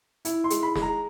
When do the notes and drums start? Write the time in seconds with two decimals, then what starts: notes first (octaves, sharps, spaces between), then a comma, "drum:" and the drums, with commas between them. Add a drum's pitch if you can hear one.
0.25 E4, drum: hi-hat
0.44 C6
0.50 G#3, drum: hi-hat
0.63 B5
0.76 G#3, drum: snare
0.82 A#5